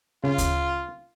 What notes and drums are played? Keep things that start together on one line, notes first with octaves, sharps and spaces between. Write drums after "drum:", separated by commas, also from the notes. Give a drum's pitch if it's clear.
C#3 F4
drum: kick D2, hi-hat